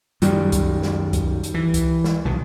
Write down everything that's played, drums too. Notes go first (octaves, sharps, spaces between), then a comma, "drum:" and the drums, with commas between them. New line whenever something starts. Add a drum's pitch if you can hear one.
F#2 D#3 G3, drum: hi-hat
drum: kick C2, hi-hat
drum: snare
drum: kick C2, hi-hat
drum: hi-hat
E3
drum: kick C2, hi-hat
drum: snare
B1 D#3